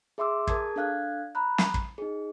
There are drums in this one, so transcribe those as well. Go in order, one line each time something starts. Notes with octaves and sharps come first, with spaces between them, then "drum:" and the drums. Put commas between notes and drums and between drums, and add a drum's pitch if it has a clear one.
G#4 E5 C6 D6 E6
G#4 A#4 A5 D#6 G#6, drum: kick
D4 A4 F5 F#6 G#6
A#5 B5 F#6
drum: snare
drum: kick
D#4 G#4